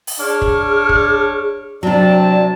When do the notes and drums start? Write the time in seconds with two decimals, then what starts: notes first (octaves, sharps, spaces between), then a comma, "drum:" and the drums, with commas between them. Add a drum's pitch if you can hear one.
0.07 drum: open hi-hat
0.19 D4 G#4 C#5 F6
0.42 drum: kick
0.89 drum: kick
1.83 C3 F#3 D4 D5 G5 A5